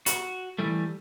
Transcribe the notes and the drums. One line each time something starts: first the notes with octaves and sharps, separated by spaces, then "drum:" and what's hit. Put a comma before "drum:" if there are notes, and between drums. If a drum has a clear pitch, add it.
F#4, drum: hi-hat
E3 G3 A3